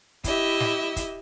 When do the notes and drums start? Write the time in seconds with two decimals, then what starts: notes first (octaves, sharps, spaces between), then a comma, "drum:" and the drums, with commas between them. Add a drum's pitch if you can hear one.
0.24 E4 G4 D#5 E5, drum: kick, hi-hat
0.60 drum: snare
0.96 drum: kick, hi-hat